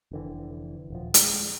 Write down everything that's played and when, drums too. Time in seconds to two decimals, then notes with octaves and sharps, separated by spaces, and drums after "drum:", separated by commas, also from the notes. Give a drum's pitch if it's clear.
0.11 F1 D3 E3
0.90 D#1 F3
1.14 G#3, drum: hi-hat